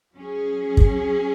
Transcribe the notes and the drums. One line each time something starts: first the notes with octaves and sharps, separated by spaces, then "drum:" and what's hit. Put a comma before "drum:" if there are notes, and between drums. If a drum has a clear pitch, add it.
F#3 C#4 G#4
drum: kick